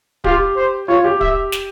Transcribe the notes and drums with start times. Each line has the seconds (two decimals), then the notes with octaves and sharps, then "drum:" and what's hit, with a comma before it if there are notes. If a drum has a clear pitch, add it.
0.24 F4 G4, drum: kick
0.56 C5
0.88 F4 C#5
1.04 G4
1.21 E5, drum: kick
1.52 drum: snare